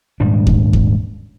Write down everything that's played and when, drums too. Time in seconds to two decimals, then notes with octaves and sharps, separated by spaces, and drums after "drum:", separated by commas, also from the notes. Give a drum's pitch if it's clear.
0.20 D#1 G#2 G3 D4
0.47 drum: kick D#2
0.73 drum: kick D#2